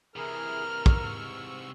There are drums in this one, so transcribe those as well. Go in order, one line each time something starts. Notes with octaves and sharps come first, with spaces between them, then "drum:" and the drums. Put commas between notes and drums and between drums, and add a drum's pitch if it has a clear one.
C3 E3 E4 G#4 A#4 F6
G#2 C#6 E6, drum: kick